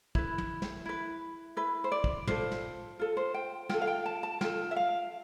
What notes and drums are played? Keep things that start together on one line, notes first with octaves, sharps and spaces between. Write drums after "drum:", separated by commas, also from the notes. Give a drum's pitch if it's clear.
E4 B4, drum: kick
drum: tom
drum: snare
E4 B4
E4 B4
C5
D5
drum: kick
F4 A4 C5, drum: tom
drum: snare
F4 A4
C5
G5
F4 A4 G5, drum: snare
F5
G5
A5
A5
F4 A4 G5, drum: snare
E5
F5